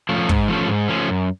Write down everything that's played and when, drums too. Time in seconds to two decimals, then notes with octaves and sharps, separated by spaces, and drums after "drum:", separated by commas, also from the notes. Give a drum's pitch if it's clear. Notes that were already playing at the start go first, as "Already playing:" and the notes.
0.09 F3 A3 C#4
0.29 G#2, drum: kick
0.48 F3 A3 C#4
0.68 G#2
0.88 F3 A3 C#4
1.08 F#2